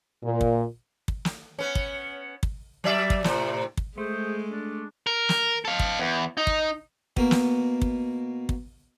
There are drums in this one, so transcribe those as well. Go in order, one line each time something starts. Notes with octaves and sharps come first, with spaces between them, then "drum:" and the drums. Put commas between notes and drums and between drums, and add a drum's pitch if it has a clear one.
A#2
drum: kick
drum: kick
drum: snare
B3 C#4
drum: kick
drum: kick
F#3 D5 E5
drum: kick
A2 C3, drum: snare
drum: kick
G#3 A3 G#4 C5
D4
A#4
drum: snare
A4 F5
drum: kick
E2
D#4
drum: kick
B2 A#3, drum: kick
drum: snare
drum: kick
drum: kick